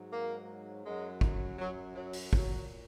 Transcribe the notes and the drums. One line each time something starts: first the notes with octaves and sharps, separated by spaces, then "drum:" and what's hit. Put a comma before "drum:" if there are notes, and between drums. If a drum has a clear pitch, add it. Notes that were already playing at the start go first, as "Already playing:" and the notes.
Already playing: G#2 F#3
A#3
F#2 F#3 G#3
drum: kick
F#3
F#3
drum: open hi-hat
A#2 F#3, drum: kick